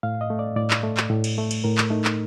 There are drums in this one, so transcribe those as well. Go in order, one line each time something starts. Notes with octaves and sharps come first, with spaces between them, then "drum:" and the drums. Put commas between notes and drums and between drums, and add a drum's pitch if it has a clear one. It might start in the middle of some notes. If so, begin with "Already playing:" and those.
A2 F5
D#5
A3
D5
A2 D5
drum: clap
A3
drum: clap
A2
drum: cymbal
A3
drum: cymbal
A2 A#4
drum: clap
A3 D#4
drum: clap